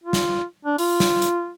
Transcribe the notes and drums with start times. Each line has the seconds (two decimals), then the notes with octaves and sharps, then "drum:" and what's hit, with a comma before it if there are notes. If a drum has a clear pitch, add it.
0.04 F4
0.13 drum: snare
0.65 D4
0.78 F4, drum: open hi-hat
1.00 drum: snare
1.22 drum: hi-hat